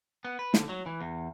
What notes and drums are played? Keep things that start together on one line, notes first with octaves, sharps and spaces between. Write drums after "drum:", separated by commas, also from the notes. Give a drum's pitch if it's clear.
B3
B4
D3, drum: snare
F#3
E3
E2